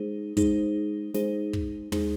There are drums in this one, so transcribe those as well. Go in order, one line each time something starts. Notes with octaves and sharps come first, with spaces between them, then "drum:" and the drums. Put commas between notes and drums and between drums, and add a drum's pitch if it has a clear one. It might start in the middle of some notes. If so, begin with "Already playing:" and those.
Already playing: G#3 D#4 G#4 C5
G#3 D#4 G#4 C5, drum: kick, hi-hat
G#3 D#4 G#4 C5, drum: snare
drum: kick
G#3 D#4 G#4 C5, drum: tom